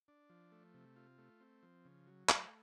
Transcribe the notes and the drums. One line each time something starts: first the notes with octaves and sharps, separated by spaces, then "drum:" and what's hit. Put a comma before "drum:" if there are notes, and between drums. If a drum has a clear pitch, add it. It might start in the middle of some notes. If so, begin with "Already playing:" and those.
D4
F3
A3
C3
F4
A3
C4
F3
C#3
F#3
A3, drum: clap